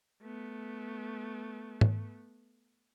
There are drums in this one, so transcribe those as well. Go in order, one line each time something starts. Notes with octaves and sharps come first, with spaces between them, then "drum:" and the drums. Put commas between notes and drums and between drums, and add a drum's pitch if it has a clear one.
A3 B3
drum: tom